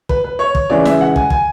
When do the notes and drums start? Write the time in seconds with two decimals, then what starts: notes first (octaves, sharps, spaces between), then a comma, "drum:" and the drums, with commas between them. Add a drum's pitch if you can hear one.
0.09 B4, drum: kick
0.24 B4
0.39 C#5
0.55 drum: kick
0.70 C#3 E3 G#3 C#4 D5
0.85 E5, drum: snare
1.01 F#5
1.16 G#5, drum: kick
1.30 G#5, drum: kick